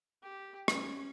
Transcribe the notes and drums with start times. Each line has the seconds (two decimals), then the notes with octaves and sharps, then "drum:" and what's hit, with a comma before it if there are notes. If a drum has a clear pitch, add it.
0.22 G4
0.68 C#4, drum: rim click